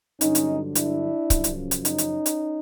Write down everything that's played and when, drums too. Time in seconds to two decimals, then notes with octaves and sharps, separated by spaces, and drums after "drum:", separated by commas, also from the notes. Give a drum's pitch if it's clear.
0.21 G2 D3 F#3 C#4 D#4, drum: hi-hat
0.35 drum: hi-hat
0.75 D4 E4, drum: hi-hat
1.30 F#2 C#3 F3, drum: kick C#1, hi-hat
1.44 drum: hi-hat
1.71 drum: hi-hat
1.85 C#4 D#4, drum: hi-hat
1.98 drum: hi-hat
2.26 drum: hi-hat